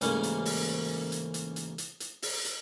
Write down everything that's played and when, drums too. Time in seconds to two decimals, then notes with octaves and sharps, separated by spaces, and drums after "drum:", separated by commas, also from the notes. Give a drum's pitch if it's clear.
0.01 A1 G#2 C#3 A#3 C#4, drum: hi-hat
0.23 drum: hi-hat
0.45 drum: open hi-hat
1.12 drum: hi-hat
1.34 drum: hi-hat
1.56 drum: hi-hat
1.78 drum: hi-hat
2.00 drum: hi-hat
2.22 drum: open hi-hat
2.45 drum: hi-hat